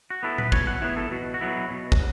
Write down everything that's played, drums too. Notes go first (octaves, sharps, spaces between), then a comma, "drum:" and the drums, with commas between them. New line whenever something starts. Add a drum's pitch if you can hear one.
F#4
B3 E4 A4
B4, drum: tom A#2
B2 C#5, drum: kick
F#5
B3 E4 C#5
A4
B2 F#4
F#4
F#3 B3 E4
B2
drum: kick